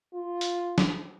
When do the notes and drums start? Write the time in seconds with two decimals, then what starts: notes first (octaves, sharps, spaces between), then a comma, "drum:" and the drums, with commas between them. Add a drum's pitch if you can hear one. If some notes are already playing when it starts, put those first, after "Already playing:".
0.13 F4
0.41 drum: hi-hat
0.78 drum: snare